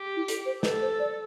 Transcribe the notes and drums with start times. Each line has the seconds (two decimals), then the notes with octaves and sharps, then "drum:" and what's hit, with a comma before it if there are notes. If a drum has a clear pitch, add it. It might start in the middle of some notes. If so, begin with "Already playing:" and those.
Already playing: G4
0.16 E4
0.28 A4, drum: hi-hat
0.45 C5
0.63 A4 B4, drum: snare
0.81 C5
0.99 D5